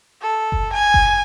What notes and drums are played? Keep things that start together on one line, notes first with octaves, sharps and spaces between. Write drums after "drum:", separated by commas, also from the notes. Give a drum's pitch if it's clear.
A4
drum: kick F#1
G#5
drum: kick F#1